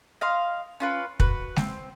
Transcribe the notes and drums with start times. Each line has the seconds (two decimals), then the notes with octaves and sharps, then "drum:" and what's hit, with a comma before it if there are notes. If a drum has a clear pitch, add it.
0.21 D#5 F5 C6
0.80 C#4 F4 B4
1.20 F#4 B4, drum: kick
1.56 C4, drum: snare G#3